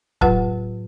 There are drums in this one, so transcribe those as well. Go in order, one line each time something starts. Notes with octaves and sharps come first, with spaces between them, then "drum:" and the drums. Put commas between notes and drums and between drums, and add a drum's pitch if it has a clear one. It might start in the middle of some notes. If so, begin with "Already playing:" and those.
A2 F#3 F4 B4 F#5, drum: kick D1